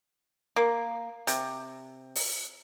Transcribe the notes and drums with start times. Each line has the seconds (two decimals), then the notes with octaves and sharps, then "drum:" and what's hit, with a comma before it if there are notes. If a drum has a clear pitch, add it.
0.56 A#3
1.27 C3, drum: hi-hat
2.15 drum: open hi-hat